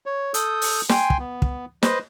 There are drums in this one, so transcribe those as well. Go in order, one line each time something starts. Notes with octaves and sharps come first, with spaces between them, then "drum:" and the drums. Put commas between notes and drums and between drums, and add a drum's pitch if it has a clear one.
C#5
A4 D#6 G6, drum: hi-hat
drum: open hi-hat
G5 G#5 C6, drum: snare
drum: kick
B3
drum: kick
B4 C5 D#5, drum: snare